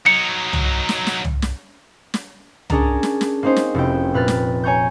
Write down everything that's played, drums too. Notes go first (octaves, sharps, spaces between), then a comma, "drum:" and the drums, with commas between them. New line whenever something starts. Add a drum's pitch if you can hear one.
F#3 D#4 C#7
drum: tom C2
drum: snare
drum: snare
drum: tom C2
drum: snare
drum: snare
C#4 D4 G#4 A#4 A5 A#5, drum: tom C2
drum: snare
drum: snare
A#3 C4 C#4 D#4 C5
drum: snare
F1 E4 G5
A#2 B4 F6 A6
drum: snare
C#5 G#5 A#5 C#6 G6